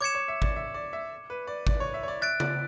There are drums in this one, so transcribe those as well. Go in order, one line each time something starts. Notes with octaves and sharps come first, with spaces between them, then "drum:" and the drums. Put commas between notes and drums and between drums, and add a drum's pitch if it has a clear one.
C#5 D6 G#6 C#7 E7
C#5
E5
D5, drum: kick G#1
E5
D5
E5
B4
D5
D5, drum: kick G#1
C#5
E5
C#5
D5
E5 F#6 A6 D7
D5, drum: tom C#3